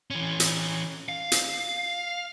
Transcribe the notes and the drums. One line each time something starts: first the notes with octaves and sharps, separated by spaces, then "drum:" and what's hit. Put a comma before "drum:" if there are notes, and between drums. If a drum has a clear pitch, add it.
E3 C#4
drum: hi-hat
F5
drum: hi-hat